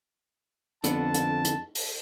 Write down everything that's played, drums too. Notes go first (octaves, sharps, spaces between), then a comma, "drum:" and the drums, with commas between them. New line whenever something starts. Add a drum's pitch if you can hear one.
F2 D3 B3 A5, drum: hi-hat
drum: hi-hat
drum: hi-hat
drum: open hi-hat